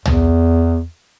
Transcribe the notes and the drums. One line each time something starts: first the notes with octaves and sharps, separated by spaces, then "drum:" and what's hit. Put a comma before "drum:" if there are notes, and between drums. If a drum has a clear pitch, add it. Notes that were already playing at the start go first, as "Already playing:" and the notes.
E2, drum: tom